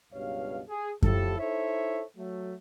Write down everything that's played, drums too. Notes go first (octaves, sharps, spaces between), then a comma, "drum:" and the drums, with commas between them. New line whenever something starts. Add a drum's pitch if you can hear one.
C#2 G2 B2 C#5 F5
G#4
A2 F3 E4 G4 A4, drum: kick F#2
D#4 E4 A4 C5 C#5 E5
F#3 A3